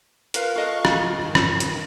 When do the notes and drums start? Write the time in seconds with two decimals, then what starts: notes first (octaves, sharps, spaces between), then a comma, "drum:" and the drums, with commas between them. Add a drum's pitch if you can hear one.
0.34 F4 A#4 B4 F5, drum: hi-hat
0.56 F4 A4 D#5 F5 C#6 F#6
0.85 drum: rim click
1.19 G2 D#3
1.35 drum: rim click
1.60 drum: hi-hat